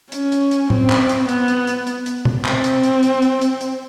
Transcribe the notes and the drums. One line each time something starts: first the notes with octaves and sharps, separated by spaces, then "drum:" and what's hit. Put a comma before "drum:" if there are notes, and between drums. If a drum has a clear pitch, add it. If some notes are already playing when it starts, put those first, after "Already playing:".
C#4, drum: hi-hat
drum: hi-hat
drum: hi-hat
C4, drum: tom
drum: clap
drum: hi-hat
B3, drum: hi-hat
drum: hi-hat
drum: hi-hat
drum: hi-hat
drum: hi-hat
drum: tom
C4, drum: clap
drum: hi-hat
drum: hi-hat
drum: hi-hat
drum: hi-hat
drum: hi-hat
drum: hi-hat